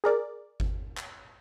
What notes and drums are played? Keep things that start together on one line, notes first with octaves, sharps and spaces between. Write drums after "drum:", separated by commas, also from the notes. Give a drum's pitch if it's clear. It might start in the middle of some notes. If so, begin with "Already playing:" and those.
G#4 A#4 D5
drum: kick G1
drum: clap